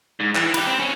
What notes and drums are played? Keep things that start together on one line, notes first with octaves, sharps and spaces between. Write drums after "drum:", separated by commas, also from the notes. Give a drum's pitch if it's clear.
G#2
E3, drum: clap
G4 B4, drum: cymbal
C4
C#4